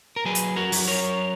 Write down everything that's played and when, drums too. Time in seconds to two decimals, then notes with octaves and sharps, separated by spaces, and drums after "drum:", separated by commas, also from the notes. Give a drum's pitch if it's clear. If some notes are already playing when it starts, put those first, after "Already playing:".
0.16 A#4
0.26 F#3 G#4 B4
0.35 drum: hi-hat
0.56 F#4 A#4
0.72 F#3, drum: open hi-hat
0.88 A#4 C#5